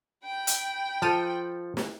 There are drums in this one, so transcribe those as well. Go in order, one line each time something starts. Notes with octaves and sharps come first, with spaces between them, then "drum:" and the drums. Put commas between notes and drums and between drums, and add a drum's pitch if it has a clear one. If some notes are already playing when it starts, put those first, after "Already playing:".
G5 B5
drum: hi-hat
F3 A4 A5 F6 D#7
drum: snare